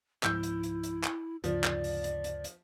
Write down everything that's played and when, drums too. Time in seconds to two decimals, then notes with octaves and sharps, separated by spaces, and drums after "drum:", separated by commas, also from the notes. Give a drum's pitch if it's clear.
0.23 C#2 G#2 F3 E4 E6 G6, drum: clap
0.43 drum: hi-hat
0.63 drum: hi-hat
0.83 drum: hi-hat
1.04 drum: clap
1.44 D2 G2 C#3 F3 D5, drum: hi-hat
1.64 drum: clap
1.84 drum: open hi-hat
2.04 drum: hi-hat
2.24 drum: hi-hat
2.44 drum: hi-hat